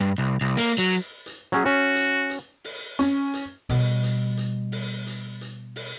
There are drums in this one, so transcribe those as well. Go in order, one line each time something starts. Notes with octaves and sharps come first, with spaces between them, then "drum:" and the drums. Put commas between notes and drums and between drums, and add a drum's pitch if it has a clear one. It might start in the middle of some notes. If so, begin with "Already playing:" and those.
G2
C2
C2
A#3, drum: open hi-hat
F#3
drum: hi-hat
drum: hi-hat
F#3 C#4 G#4
C#4 F#4
drum: hi-hat
drum: hi-hat
drum: open hi-hat
C#4, drum: hi-hat
drum: hi-hat
B2 G3, drum: open hi-hat
drum: hi-hat
drum: hi-hat
drum: open hi-hat
drum: hi-hat
drum: hi-hat
drum: open hi-hat